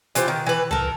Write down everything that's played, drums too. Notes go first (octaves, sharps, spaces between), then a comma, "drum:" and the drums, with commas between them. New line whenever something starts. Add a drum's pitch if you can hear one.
E3 F4 G4 C5, drum: hi-hat
D#3
E3 B4
A4 A#4, drum: tom C2